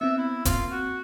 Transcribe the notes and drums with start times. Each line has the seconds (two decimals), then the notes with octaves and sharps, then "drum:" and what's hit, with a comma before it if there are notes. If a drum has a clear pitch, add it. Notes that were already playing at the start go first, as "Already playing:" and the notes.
0.01 B3 C4 E5
0.18 E4
0.45 A#3 C4 F4, drum: kick D#1, hi-hat
0.71 F#4